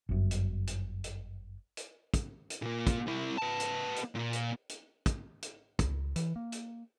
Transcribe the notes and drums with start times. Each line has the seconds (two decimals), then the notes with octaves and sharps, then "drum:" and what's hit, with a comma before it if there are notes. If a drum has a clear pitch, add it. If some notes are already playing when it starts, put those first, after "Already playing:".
0.09 G1 F#2
0.31 drum: hi-hat
0.67 drum: hi-hat
1.04 drum: hi-hat
1.77 drum: hi-hat
2.14 drum: kick, hi-hat
2.50 drum: hi-hat
2.62 A#2 A#3
2.87 drum: kick, hi-hat
3.07 C3 E4
3.38 B3 A5
3.60 drum: hi-hat
3.96 drum: hi-hat
4.15 A#2
4.33 drum: hi-hat
4.69 drum: hi-hat
5.06 drum: kick, hi-hat
5.42 drum: hi-hat
5.79 C#2, drum: kick, hi-hat
6.16 E3, drum: hi-hat
6.36 A#3
6.52 drum: hi-hat